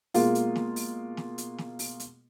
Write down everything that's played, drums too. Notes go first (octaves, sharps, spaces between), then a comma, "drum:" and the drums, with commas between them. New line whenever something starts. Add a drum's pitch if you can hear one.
B2 G#3 A#3 F4, drum: open hi-hat
drum: hi-hat
drum: snare
drum: open hi-hat
drum: snare
drum: hi-hat
drum: snare
drum: open hi-hat
drum: hi-hat